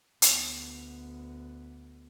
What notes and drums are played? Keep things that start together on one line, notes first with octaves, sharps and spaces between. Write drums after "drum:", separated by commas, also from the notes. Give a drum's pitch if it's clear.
D2 B3, drum: hi-hat